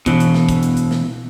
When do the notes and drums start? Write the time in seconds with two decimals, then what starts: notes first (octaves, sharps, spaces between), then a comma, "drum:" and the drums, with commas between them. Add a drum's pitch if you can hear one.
0.06 B2 E3, drum: kick, hi-hat
0.20 drum: hi-hat
0.34 drum: snare
0.49 drum: kick, hi-hat
0.63 drum: hi-hat
0.77 drum: hi-hat
0.91 drum: snare